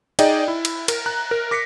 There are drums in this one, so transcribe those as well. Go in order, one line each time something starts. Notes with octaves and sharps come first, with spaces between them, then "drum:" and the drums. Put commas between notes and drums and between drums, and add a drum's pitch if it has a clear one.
D#4 G#4 D5 D#5 G5, drum: cymbal
E4
drum: cymbal
A#4, drum: cymbal
A#5 F#6
A#4
D6 A#6 B6 C#7